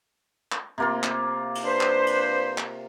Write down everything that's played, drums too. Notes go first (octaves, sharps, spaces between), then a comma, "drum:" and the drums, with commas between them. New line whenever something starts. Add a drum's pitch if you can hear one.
drum: clap
C3 A#3 F4
drum: clap
drum: cymbal
D4 B4 C5
drum: clap
drum: cymbal
drum: clap